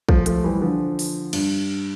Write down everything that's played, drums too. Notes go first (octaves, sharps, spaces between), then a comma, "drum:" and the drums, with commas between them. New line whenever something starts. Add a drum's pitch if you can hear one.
F3 A3, drum: kick
F3 A3, drum: hi-hat
E3 G3
D3 F3
drum: open hi-hat
G2, drum: cymbal